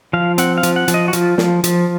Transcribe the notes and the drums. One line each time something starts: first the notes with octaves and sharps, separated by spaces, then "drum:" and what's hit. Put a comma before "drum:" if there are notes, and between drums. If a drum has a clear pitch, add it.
F3 F5
C4 F#5, drum: hi-hat
F5
F3, drum: hi-hat
F#5
F3, drum: hi-hat
D#5
F#4
F3 F4, drum: hi-hat
F3, drum: snare
F3, drum: hi-hat